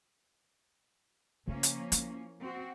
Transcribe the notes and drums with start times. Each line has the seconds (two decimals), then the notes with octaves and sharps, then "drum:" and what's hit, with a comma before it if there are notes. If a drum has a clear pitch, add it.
1.48 C#3 F3 A#3 C#4
1.63 drum: hi-hat
1.92 E4, drum: hi-hat
2.40 C4 F#4